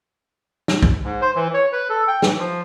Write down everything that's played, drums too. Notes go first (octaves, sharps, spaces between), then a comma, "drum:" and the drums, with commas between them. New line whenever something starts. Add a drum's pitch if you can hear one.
drum: snare
drum: kick
G#2
C5
E3
C#5
B4
A4
G5
E3, drum: snare
F3